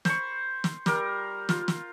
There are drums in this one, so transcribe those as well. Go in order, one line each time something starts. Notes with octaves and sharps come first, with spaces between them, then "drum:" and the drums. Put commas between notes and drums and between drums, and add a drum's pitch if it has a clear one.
C5 B5 C#6, drum: snare
drum: snare
G3 A#4, drum: snare
F4, drum: snare
drum: snare